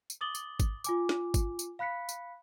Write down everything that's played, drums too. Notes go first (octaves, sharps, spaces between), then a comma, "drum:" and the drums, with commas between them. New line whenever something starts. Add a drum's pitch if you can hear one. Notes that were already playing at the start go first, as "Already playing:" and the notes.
drum: tambourine
D6 D#6 A6 F#7 G7
drum: tambourine
drum: kick G#1, tambourine
F4 G#5 D6, drum: tambourine
drum: snare
drum: kick G#1, tambourine
drum: tambourine
F5 B5 F#6 B6 C#7
drum: tambourine